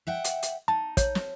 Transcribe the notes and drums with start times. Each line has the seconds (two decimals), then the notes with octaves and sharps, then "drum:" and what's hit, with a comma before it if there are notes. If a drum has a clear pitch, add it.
0.07 E5 F#5 G5
0.24 drum: hi-hat
0.43 drum: hi-hat
0.68 D#4 A5
0.97 C#5, drum: kick, hi-hat
1.15 drum: snare